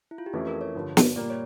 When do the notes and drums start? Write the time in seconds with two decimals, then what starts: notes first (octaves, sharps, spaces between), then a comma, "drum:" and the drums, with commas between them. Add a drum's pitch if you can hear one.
0.11 E4
0.18 F4
0.26 G4
0.33 F2 E3 A3 C#4 E4 A4
0.47 A#4
0.61 C#5
0.75 G2 D3 F3
0.97 drum: snare
1.16 A#2 G3 A#3 D5
1.30 C#5